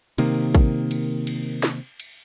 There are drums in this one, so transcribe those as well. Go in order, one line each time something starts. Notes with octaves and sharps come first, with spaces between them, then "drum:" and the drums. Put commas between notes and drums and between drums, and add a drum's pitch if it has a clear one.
C3 D#3 A#3, drum: cymbal
drum: kick
drum: cymbal
drum: cymbal
drum: snare
drum: cymbal